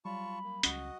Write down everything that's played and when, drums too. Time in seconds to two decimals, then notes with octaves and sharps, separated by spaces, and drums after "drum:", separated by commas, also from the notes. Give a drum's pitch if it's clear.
0.05 F#3 G3 F4 A5 B5 C#6
0.44 A#3
0.63 C#2 C#4 F#4 D#5, drum: hi-hat